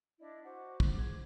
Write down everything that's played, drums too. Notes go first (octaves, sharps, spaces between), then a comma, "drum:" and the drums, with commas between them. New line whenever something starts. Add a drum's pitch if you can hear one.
D4 E4 D5 D#5
F#4 C5 F#5 D6
drum: kick
G#4 D6 G#6